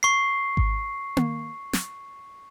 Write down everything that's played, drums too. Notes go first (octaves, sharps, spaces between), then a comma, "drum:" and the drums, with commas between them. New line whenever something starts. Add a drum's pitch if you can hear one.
C#6 C7
drum: kick G#1
drum: tom A#3
drum: snare